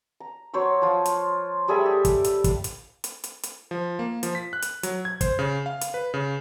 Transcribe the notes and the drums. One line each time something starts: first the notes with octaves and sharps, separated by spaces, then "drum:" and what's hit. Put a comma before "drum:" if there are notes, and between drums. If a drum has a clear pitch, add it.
A#5
F#3 C5 C#5 E6
F3 F4
drum: hi-hat
G3 G#4 A4 E5
G4
drum: kick, hi-hat
drum: hi-hat
drum: kick, hi-hat
drum: hi-hat
drum: hi-hat
drum: hi-hat
drum: hi-hat
F3
A#3
F3, drum: hi-hat
B6
F#6
drum: hi-hat
F#3, drum: hi-hat
G#6
C5, drum: kick, hi-hat
C#3
F5
drum: hi-hat
B4
C#3